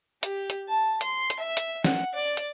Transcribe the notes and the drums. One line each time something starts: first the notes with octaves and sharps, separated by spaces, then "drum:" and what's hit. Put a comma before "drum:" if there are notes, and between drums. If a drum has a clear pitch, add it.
G4, drum: hi-hat
drum: hi-hat
A5
C6, drum: hi-hat
drum: hi-hat
E5
drum: hi-hat
F#5, drum: snare
D5
drum: hi-hat